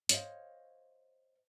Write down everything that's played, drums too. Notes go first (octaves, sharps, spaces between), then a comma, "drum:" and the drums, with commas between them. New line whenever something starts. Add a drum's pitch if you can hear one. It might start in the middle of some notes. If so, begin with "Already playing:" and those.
C5 C#5 D#5 F5, drum: hi-hat